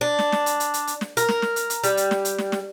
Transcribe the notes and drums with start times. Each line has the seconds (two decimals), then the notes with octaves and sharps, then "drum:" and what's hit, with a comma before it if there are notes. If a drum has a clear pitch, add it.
0.01 D4
0.19 drum: snare
0.32 drum: snare
0.46 drum: hi-hat
0.60 drum: hi-hat
0.74 drum: hi-hat
0.87 drum: hi-hat
1.01 drum: snare
1.17 A#4, drum: hi-hat
1.29 drum: snare
1.42 drum: snare
1.56 drum: hi-hat
1.70 drum: hi-hat
1.84 G3, drum: hi-hat
1.97 drum: hi-hat
2.11 drum: snare
2.25 drum: hi-hat
2.38 drum: snare
2.52 drum: snare